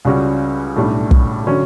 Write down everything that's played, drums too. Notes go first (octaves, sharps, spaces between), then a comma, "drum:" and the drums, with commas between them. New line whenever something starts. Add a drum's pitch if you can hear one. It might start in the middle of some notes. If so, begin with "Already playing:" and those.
C#2 C#3 G3 C#4 F#4
B1 A2 G3 D4
drum: kick
D3 F#3 C#4